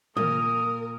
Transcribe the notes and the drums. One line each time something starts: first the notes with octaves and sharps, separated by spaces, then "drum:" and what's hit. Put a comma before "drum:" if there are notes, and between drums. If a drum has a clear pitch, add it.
A#2 A#4 D#6, drum: tom